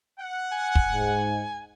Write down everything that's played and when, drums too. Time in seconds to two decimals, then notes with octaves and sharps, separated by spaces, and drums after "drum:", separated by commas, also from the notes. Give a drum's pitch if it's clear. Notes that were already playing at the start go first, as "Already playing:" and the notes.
0.20 F#5
0.52 G#5
0.75 drum: kick
0.92 G#2